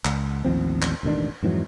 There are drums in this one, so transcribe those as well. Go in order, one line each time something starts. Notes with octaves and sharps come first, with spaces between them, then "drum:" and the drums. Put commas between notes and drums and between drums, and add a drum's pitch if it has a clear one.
C#2, drum: clap
A1 D#2 F3 C4
drum: clap
E1 A1 D#3 D4
F2 G#2 E3 F#3